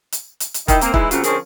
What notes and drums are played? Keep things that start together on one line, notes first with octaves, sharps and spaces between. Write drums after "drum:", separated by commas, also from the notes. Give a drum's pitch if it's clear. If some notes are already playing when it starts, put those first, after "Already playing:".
drum: hi-hat
drum: hi-hat
drum: hi-hat
D#3 E4 D#5, drum: kick, hi-hat
A#3 C4, drum: hi-hat
E3 G#3 D#4 E4, drum: kick
C#3 F#3 A#3 C4 F4 F#4, drum: hi-hat
D3 F3 C4 C#4 G#4 A#4, drum: hi-hat